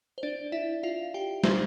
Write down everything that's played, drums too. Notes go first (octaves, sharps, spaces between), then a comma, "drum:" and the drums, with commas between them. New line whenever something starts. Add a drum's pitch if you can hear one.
C5
D4 D5
E4 E5
F4 F5
G4 G5
C5 C6, drum: snare